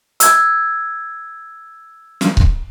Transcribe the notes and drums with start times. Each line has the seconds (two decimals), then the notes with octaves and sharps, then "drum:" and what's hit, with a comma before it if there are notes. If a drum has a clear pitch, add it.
0.20 E6 G#6, drum: hi-hat
2.21 drum: snare
2.37 drum: kick C#1